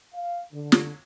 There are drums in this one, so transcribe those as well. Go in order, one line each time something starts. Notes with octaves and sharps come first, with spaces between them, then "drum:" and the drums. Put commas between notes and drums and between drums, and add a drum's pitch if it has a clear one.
F5
D3
drum: snare